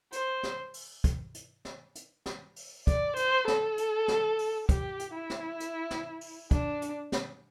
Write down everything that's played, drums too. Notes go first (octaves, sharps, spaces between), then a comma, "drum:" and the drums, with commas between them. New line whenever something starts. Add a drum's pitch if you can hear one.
C5, drum: hi-hat
drum: snare
drum: open hi-hat
drum: kick, hi-hat
drum: hi-hat
drum: snare
drum: hi-hat
drum: snare
drum: open hi-hat
D5, drum: kick, hi-hat
C5, drum: hi-hat
A4, drum: snare
drum: hi-hat
drum: snare
drum: open hi-hat
G4, drum: kick, hi-hat
drum: hi-hat
E4
drum: snare
drum: hi-hat
drum: snare
drum: open hi-hat
D4, drum: kick, hi-hat
drum: hi-hat
drum: snare